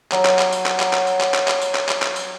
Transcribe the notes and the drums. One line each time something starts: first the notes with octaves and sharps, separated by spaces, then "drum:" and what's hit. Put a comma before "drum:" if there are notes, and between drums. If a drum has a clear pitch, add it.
F#3 A#5, drum: clap
drum: clap
drum: clap
drum: tambourine
drum: clap
drum: clap
drum: clap
drum: tambourine
drum: clap
drum: clap
drum: clap
drum: tambourine
drum: clap
drum: clap
drum: clap
drum: tambourine